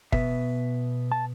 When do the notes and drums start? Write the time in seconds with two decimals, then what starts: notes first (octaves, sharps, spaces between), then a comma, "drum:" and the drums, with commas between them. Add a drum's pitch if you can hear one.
0.12 B2 B3 B4 E5, drum: kick
1.12 A5